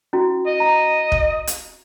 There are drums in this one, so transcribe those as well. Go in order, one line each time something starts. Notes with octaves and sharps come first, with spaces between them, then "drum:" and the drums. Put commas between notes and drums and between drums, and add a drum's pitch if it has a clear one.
C#4 E4 F#4
D#5
A#5
drum: kick
drum: hi-hat